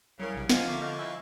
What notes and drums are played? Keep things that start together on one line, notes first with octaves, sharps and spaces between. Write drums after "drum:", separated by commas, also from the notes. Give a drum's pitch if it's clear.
C2 C#3 F#3 A#4
A#1 C3
F3 A#3 D#5 F5 F#5 G#5, drum: snare
D3 E5 C#6 D6
D4 G4 A#4 D#5 F5 C#6
D#2 C#4 E4